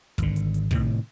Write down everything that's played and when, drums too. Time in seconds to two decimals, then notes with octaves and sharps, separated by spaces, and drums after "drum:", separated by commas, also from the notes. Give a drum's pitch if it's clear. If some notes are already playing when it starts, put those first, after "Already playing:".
0.18 G#1 D3, drum: kick, hi-hat
0.36 drum: hi-hat
0.54 drum: hi-hat
0.71 A2 C3 D#3, drum: kick, open hi-hat